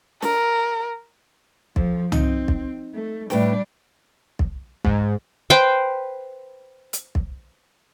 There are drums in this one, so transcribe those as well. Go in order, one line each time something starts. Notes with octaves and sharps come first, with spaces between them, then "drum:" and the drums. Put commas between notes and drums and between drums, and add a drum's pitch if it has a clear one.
A#4, drum: snare
F2 F3, drum: kick
C4 D#4, drum: tom
drum: kick
A3
A2 G3 D4 B4 G5, drum: snare
drum: kick
G#2, drum: kick
B4 C5 G5
drum: hi-hat
drum: kick